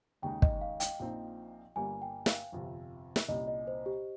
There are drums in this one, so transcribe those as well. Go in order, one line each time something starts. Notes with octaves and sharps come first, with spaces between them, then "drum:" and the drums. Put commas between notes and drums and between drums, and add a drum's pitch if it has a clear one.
D#2 C#3 G#3 D#4 G5
D#5, drum: kick
F5
G5, drum: hi-hat
A#1 A#2 F3 C4 D#4
G1 G2 G3 A#3 G#5
G5
F5, drum: snare
G1 F2 C3
drum: snare
C2 A#2 G3 C#4 D#5
D#5
C5
G4